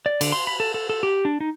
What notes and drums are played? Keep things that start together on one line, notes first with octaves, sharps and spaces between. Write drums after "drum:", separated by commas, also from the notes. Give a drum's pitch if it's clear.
D5
D3, drum: cymbal
C6
B5
A4
A4
A4
G4
D4
D#4